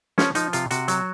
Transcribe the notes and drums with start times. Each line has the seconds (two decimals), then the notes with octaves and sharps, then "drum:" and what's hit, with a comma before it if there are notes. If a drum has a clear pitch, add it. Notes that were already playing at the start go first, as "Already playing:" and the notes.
0.18 F3 C#4, drum: snare
0.35 F3 D#4, drum: hi-hat
0.53 C3 F4, drum: hi-hat
0.71 C3 F#4, drum: hi-hat
0.88 F#3, drum: hi-hat